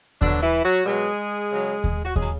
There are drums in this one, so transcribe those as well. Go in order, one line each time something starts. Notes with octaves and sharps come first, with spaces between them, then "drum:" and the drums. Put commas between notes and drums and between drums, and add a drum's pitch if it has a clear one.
B2 D3 F#3 D4, drum: kick D#2
E3 E4
F#3 F#4
B2 F#3 G#3 G#4
C#3 F#3
drum: kick D#2
F#4
C#3 F#3 G#3 G#4, drum: kick D#2